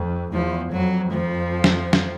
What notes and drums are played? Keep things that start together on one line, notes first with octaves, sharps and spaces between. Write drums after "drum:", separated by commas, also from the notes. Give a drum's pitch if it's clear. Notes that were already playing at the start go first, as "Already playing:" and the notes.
Already playing: F2
E2 F3
F2 F#3
F3
drum: snare
drum: snare